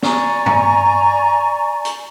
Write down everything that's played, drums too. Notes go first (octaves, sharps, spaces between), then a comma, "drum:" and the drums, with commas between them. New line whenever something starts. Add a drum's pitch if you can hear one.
D5 G#5 A#5 C#6, drum: snare
drum: tom G2
drum: hi-hat